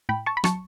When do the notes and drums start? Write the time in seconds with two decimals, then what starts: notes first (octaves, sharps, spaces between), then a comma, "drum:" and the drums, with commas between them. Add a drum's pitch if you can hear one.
0.09 A2 G5 B5
0.26 A5 C#6
0.37 B5
0.44 F#3 A5 C#6, drum: rim click